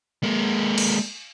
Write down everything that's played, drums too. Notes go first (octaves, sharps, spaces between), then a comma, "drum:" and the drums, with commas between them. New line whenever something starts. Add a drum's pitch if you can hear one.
G#3 A#3
drum: cymbal